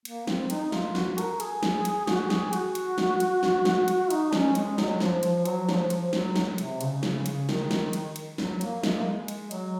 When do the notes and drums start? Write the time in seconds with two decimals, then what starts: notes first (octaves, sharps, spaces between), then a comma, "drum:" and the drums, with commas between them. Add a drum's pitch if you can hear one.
0.05 A#3, drum: cymbal
0.27 C4, drum: snare
0.50 D#4, drum: cymbal
0.72 F4, drum: snare
0.95 F#4, drum: snare
1.18 A#4, drum: cymbal
1.40 G#4, drum: cymbal
1.63 drum: snare
1.85 drum: cymbal
2.07 F#4, drum: snare
2.30 G#4, drum: snare
2.53 F#4, drum: cymbal
2.75 drum: cymbal
2.98 drum: snare
3.20 drum: cymbal
3.43 drum: snare
3.65 drum: snare
3.88 drum: cymbal
4.10 D#4, drum: cymbal
4.33 C#4, drum: snare
4.55 G#3, drum: cymbal
4.78 F#3, drum: snare
5.00 F3, drum: snare
5.23 F3, drum: cymbal
5.45 F#3, drum: cymbal
5.69 F3, drum: snare
5.90 F3, drum: cymbal
6.13 F#3, drum: snare
6.36 drum: snare
6.58 C3, drum: cymbal
6.81 C#3, drum: cymbal
7.03 C#3, drum: snare
7.26 C#3, drum: cymbal
7.49 D#3, drum: snare
7.71 drum: snare
7.93 drum: cymbal
8.16 drum: cymbal
8.38 F#3, drum: snare
8.61 A#3, drum: cymbal
8.83 G#3, drum: snare
8.96 A#3
9.09 G#3
9.28 drum: cymbal
9.51 F#3, drum: cymbal